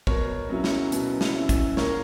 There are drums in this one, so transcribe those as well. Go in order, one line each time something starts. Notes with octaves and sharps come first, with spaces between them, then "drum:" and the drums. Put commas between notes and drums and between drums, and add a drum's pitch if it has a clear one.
B2 A#4 C#5, drum: kick
F#3 C#4 E4
drum: snare
B2, drum: hi-hat
drum: snare
F#3 C#4 E4
drum: kick, hi-hat
A#2 A#4 C#5, drum: snare